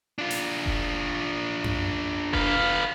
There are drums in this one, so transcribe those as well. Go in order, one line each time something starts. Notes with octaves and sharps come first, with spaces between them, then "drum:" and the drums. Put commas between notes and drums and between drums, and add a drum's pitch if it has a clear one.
D4 F4
drum: hi-hat
drum: kick F1
drum: tom F#2
B3 F5, drum: kick F1